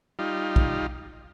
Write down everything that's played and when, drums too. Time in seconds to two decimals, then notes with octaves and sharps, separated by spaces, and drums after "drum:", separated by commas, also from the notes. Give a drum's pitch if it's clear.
0.19 G3 D#4 F4
0.56 drum: kick